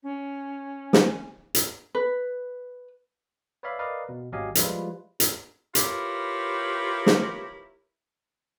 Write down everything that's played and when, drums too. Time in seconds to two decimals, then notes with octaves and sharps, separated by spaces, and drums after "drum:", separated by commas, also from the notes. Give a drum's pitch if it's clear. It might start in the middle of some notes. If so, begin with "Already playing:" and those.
0.03 C#4
0.93 drum: snare
1.55 drum: hi-hat
1.95 B4
3.63 B4 C#5 D5 E5 F5 B5
3.79 A#4 B4 D5 D#5 F5
4.09 B2
4.32 G#1 F#3 G4 D#5 F5 G#5
4.55 F3 G3 G#3 E4 F4 B4, drum: hi-hat
5.20 drum: hi-hat
5.75 E4 F4 G4 A#4 B4 C#5, drum: hi-hat
7.06 drum: snare